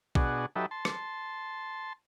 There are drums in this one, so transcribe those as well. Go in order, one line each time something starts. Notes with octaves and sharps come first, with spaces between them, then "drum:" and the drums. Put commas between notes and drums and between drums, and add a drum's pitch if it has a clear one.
B2 D4 F#4 G#4, drum: kick A#1
F#3 D#4 G4 A4 B4 E5
A5 C6
drum: rim click